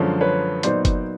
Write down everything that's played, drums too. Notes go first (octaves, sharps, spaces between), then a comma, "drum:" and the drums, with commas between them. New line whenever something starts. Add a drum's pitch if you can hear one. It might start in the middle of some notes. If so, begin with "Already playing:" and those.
Already playing: F#2 D3 F3 G#3 C#4
B4 C#5
A#2 F#3 B3 D#4 C5 D5, drum: hi-hat
drum: kick F#1, hi-hat